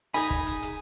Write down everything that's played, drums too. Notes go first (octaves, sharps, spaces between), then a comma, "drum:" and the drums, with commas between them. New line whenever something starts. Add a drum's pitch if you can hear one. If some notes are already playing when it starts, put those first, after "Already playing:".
D#4 G#4 G#5 B5, drum: hi-hat
drum: kick, hi-hat
drum: hi-hat
drum: hi-hat